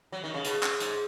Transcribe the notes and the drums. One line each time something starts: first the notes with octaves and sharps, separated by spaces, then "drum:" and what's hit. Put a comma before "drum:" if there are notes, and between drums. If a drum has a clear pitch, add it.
F#3
D#3
C#3
B2, drum: hi-hat
drum: clap
G#2, drum: hi-hat